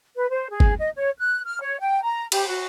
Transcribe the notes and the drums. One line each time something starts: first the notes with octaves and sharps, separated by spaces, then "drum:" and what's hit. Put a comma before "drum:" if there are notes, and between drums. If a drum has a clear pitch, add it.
B4
C5
G#4
drum: kick G1
D#5
C#5
F#6
F6
C#5
G5
A#5
G4, drum: cymbal
F#4